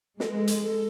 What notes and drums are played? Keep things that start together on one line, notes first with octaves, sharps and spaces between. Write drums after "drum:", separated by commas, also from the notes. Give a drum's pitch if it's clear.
G#3 A4, drum: snare
B4
A4
drum: hi-hat
A4